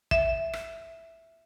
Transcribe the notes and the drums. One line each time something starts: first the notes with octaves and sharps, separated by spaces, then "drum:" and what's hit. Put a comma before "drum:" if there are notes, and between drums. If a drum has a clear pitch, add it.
E5, drum: kick
drum: rim click